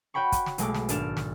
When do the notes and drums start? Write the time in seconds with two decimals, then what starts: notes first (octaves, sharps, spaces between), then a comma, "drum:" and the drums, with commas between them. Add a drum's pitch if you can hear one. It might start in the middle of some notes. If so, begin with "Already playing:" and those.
0.14 F#4 C#5 G5 B5 C#6
0.32 drum: kick, hi-hat
0.46 drum: snare
0.58 B1 G#3 A3 D6, drum: hi-hat
0.74 drum: snare
0.89 G#1 D4 D5 F6 E7, drum: hi-hat
1.17 drum: snare